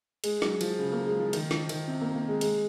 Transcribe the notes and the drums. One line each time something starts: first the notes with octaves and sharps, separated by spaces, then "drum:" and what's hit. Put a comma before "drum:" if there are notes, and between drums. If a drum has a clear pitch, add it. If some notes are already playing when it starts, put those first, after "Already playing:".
G#3, drum: cymbal
F#3, drum: snare
F3, drum: cymbal
C#3
A#3
G#3
F3
D#3, drum: cymbal
F3, drum: snare
D#3, drum: cymbal
C3
A#3
A#3
G#3
G#3, drum: cymbal